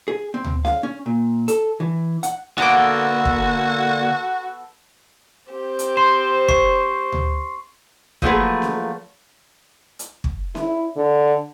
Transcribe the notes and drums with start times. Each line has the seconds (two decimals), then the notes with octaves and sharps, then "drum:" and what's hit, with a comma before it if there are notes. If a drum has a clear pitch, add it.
0.08 G#4
0.34 C4
0.44 drum: tom D2
0.65 F5, drum: snare C#4
0.83 C#4
1.06 A#2
1.48 A4, drum: hi-hat
1.80 E3
2.23 F#5, drum: hi-hat
2.58 D3 A#3 B3 F#4 A4 D6
3.25 drum: kick
5.52 C4 G4
5.79 drum: hi-hat
5.97 C5 C6
6.48 C#6 C7, drum: kick
7.12 drum: tom D2
8.22 F3 F#3 A3 A#3 G#4 B4, drum: kick
8.62 drum: snare C#4
9.99 drum: hi-hat
10.24 drum: kick
10.55 E4, drum: snare C#4
10.96 D3